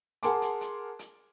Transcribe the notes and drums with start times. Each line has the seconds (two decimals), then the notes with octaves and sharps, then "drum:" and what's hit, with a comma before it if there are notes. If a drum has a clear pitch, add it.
0.23 G#4 A#4 F#5 A5 C6 D6, drum: hi-hat
0.42 drum: hi-hat
0.61 drum: hi-hat
0.99 drum: hi-hat